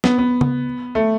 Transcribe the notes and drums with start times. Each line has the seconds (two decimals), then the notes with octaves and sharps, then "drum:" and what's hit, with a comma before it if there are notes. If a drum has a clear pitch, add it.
0.04 B3, drum: snare
0.18 B3
0.41 drum: tom C#3
0.95 A3